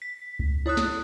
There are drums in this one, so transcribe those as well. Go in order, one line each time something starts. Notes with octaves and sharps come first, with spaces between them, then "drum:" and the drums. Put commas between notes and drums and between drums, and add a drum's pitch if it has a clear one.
B6
drum: kick C#2
E4 C#5 D#6 F#6
drum: snare